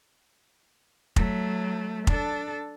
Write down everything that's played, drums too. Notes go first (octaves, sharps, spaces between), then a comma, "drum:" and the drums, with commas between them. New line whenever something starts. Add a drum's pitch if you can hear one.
F#3 A3, drum: kick F1
D4 A4, drum: kick F1